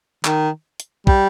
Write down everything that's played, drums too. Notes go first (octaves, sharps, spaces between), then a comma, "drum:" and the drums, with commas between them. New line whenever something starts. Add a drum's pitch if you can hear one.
D#3, drum: clap
drum: hi-hat
G3, drum: kick